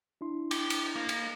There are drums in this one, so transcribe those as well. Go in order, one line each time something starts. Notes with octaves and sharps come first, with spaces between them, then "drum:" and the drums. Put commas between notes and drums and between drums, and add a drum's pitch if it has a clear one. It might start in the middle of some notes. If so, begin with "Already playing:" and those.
D4 E4 C6
G4, drum: cymbal
drum: cymbal
A#3
drum: cymbal